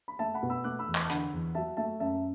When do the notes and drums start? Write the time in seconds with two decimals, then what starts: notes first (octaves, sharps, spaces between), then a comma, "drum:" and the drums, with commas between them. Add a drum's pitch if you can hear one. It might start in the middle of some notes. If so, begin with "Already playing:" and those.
0.08 B5
0.19 A3 E5 A5
0.34 F#5 B5
0.42 B2
0.50 B5 E6
0.64 A3 D6 F#6
0.79 B5 E6
0.87 E2
0.95 A5 D6, drum: clap
1.05 A5
1.09 D3 F#5 B5, drum: hi-hat
1.32 E2
1.55 F#3 E5 A5
1.77 A3 E5 A5
2.00 F#2 E5 A5